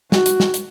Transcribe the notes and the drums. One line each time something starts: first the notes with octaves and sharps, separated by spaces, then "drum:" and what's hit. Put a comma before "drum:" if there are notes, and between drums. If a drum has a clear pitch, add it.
F#4, drum: snare
drum: hi-hat
drum: snare
drum: hi-hat